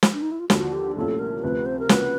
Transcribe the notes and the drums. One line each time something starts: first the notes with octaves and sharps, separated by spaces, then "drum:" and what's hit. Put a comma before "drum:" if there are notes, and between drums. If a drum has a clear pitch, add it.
drum: snare
D4
D#4
E4
F4
D#2 D3 F3 F#4, drum: snare
G4
C2 A#2 F3 A3 C#4 A4
A#4
D2 C3 F3 B4
C5
A#4
C#3 F3 A#3 C#4 F#4 B4, drum: snare